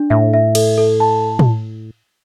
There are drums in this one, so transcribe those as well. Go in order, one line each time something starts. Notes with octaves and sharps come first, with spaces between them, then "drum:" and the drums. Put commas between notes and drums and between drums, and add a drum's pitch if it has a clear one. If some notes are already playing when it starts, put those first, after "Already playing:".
Already playing: D4
A2 E5
E5
A4, drum: cymbal
A4
A5
drum: tom